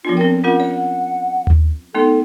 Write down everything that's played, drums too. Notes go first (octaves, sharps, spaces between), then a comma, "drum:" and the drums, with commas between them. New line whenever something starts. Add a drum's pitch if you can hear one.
F3 B3 D4 F4
C4 A#4 G5
C#4 F4 A#4 F#5
C#5
drum: tom D#2
A3 B3 D#4 A4